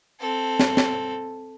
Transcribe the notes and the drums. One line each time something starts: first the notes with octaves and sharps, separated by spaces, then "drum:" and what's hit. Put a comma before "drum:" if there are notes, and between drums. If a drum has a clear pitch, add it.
C4 A4
drum: snare
drum: snare